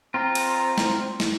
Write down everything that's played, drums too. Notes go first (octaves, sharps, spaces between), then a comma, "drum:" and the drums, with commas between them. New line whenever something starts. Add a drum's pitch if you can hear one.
C4 F4 A#5
drum: cymbal
drum: snare
drum: snare